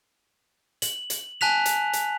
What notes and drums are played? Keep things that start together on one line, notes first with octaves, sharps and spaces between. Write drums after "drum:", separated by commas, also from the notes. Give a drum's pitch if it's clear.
F#7, drum: hi-hat
drum: hi-hat
G#5 A5 F#6 B6 F7
drum: hi-hat
drum: hi-hat